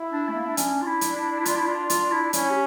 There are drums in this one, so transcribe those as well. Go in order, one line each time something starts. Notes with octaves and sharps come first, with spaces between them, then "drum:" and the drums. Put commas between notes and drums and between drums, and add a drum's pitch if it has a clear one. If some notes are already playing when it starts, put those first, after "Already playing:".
Already playing: E4
D4
A3
A#3
D4
C#4 D4, drum: hi-hat
F4
E4
drum: hi-hat
E4
E4
F4, drum: hi-hat
E4
F4
F4, drum: hi-hat
E4
C#4 E4, drum: hi-hat
G4